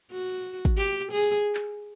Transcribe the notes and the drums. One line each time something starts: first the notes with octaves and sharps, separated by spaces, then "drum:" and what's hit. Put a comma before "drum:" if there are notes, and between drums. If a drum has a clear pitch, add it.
F#4
drum: kick
G4
G#4
drum: tambourine
drum: clap